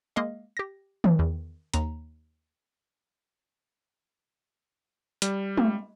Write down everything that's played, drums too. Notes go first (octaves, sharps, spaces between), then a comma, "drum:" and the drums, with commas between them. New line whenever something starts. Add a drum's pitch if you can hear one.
G#3 A#3 D#5 F5
G4 A#6
drum: tom D#3
E2
D#2 A#5, drum: hi-hat
G3, drum: hi-hat
drum: tom G#3